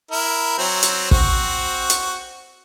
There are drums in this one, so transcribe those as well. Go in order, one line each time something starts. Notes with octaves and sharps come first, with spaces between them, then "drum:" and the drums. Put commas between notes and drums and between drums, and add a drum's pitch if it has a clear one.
E4 A#4
F#3 C4
drum: hi-hat
C4 F#4, drum: kick
drum: hi-hat